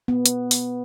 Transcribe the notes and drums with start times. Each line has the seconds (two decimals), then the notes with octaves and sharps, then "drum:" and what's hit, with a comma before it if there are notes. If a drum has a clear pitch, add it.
0.08 B3
0.26 drum: hi-hat
0.51 drum: open hi-hat